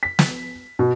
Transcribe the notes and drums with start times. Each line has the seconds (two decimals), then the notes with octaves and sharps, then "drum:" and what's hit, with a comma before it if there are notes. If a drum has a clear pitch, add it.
0.03 B6
0.19 drum: snare
0.79 B2